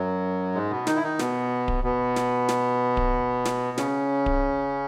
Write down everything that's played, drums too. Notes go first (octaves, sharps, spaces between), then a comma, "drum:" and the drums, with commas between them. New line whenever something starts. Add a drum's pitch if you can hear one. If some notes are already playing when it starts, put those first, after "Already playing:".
Already playing: F#2 F#3
G#2 G#3
B2 B3
D#3 D#4, drum: snare
E4
D#3 D#4
B2 B3, drum: snare
drum: kick D1
B2 B3
drum: snare
drum: snare
drum: kick D1
drum: snare
C#3 C#4, drum: snare
drum: kick D1